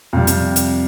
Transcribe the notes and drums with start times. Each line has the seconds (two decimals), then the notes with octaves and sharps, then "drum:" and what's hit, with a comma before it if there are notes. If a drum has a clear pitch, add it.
0.13 F2 C3 G3
0.27 drum: hi-hat
0.56 drum: hi-hat